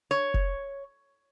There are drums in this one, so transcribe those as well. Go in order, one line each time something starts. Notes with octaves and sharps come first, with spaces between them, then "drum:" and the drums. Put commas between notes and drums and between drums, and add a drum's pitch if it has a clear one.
C#5
drum: kick F1